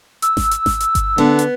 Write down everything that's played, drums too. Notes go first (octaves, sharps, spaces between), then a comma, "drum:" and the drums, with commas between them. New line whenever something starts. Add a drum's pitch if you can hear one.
E6, drum: hi-hat
drum: snare G#1
drum: hi-hat
drum: snare G#1
drum: hi-hat
drum: kick G1, hi-hat
D3 B3
drum: hi-hat